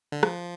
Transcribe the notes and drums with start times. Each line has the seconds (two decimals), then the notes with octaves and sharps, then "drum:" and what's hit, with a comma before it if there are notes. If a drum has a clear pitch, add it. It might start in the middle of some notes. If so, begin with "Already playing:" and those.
0.12 D3
0.23 F3, drum: rim click